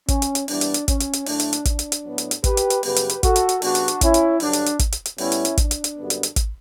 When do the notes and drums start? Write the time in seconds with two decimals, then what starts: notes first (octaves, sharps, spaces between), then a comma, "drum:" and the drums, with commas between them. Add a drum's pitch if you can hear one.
0.08 C#4, drum: kick, hi-hat
0.22 drum: hi-hat
0.35 drum: hi-hat
0.48 G2 E3 G3 B3 D4, drum: open hi-hat
0.61 drum: hi-hat
0.74 drum: hi-hat
0.88 C#4, drum: kick, hi-hat
1.00 drum: hi-hat
1.13 drum: hi-hat
1.26 A2 F#3 A3 D4, drum: open hi-hat
1.40 drum: hi-hat
1.53 drum: hi-hat
1.65 D4, drum: kick, hi-hat
1.79 drum: hi-hat
1.92 drum: hi-hat
2.04 A2 F#3 B3
2.18 drum: hi-hat
2.31 drum: hi-hat
2.44 G4 B4, drum: kick, hi-hat
2.57 drum: hi-hat
2.70 drum: hi-hat
2.83 F#2 C#3 G3 B3 G4 B4, drum: open hi-hat
2.96 drum: hi-hat
3.09 drum: hi-hat
3.23 F#4 A4, drum: kick, hi-hat
3.36 drum: hi-hat
3.49 drum: hi-hat
3.62 C#3 G3 B3 D4 F#4, drum: open hi-hat
3.75 drum: hi-hat
3.88 drum: hi-hat
4.01 C#4 E4, drum: kick, hi-hat
4.14 drum: hi-hat
4.40 G2 D3 F#3 D4, drum: open hi-hat
4.53 drum: hi-hat
4.66 drum: hi-hat
4.79 drum: kick, hi-hat
4.92 drum: hi-hat
5.06 drum: hi-hat
5.18 A2 G3 B3 C#4 E4, drum: open hi-hat
5.32 drum: hi-hat
5.45 drum: hi-hat
5.57 D4, drum: kick, hi-hat
5.71 drum: hi-hat
5.84 drum: hi-hat
5.97 F#2 D3 G3 B3
6.10 drum: hi-hat
6.23 drum: hi-hat
6.36 drum: kick, hi-hat